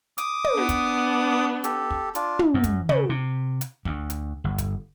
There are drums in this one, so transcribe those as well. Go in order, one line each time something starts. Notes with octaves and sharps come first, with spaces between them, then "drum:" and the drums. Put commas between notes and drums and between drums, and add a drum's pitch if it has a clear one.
D6 D#6, drum: hi-hat
drum: tom
B3 D4
drum: kick, hi-hat
G4 A4, drum: hi-hat
drum: kick
D4 F4, drum: hi-hat
drum: tom
F#2
drum: kick, hi-hat
C#3, drum: tom
C3
drum: hi-hat
D2, drum: kick
drum: hi-hat
G1
drum: kick, hi-hat